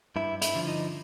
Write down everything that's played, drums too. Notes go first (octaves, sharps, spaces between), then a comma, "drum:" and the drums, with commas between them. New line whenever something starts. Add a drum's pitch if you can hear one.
G2 E4
E4, drum: hi-hat
D3 F3
D#4